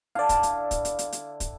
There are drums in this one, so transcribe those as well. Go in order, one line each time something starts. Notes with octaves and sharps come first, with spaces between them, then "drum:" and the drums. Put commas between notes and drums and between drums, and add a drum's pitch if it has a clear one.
D3 D4 E4 D5 F5
drum: kick, hi-hat
drum: hi-hat
drum: kick, hi-hat
drum: hi-hat
drum: hi-hat
drum: hi-hat
drum: kick, hi-hat